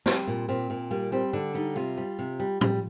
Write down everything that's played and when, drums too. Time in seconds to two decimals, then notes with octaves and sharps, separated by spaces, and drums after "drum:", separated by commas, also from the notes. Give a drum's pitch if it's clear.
0.06 G3 C4, drum: snare
0.27 A#2
0.48 A#2 C4
0.70 A#2
0.91 G3 A#3
1.12 G3 C4
1.33 D3 D4
1.55 G3 D#4
1.76 C3 F4
1.98 G3
2.19 C3
2.40 G3
2.61 G3, drum: tom A2